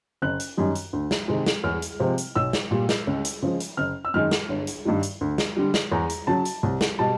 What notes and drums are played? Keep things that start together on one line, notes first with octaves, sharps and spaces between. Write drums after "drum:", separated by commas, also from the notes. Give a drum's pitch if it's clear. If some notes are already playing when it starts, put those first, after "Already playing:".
F#1 F#6
drum: hi-hat
F#2 D#3 G3
drum: hi-hat
D2
drum: snare
C3 D#3 G#3
drum: snare
E2 F6
drum: hi-hat
C3 F3 G#3
drum: hi-hat
B1 E6
drum: snare
A#2 G3
drum: snare
C#2
drum: hi-hat
C#3 F3 G#3
drum: hi-hat
F#1 F6
E6
F#2 D#3 G#3 F6
drum: snare
G1
drum: hi-hat
G2 D#3 G3
drum: hi-hat
D2
drum: snare
D3 G3
drum: snare
E2 A#5
drum: hi-hat
C#3 F#3 A5
drum: hi-hat
C2
drum: snare
B2 G3 A5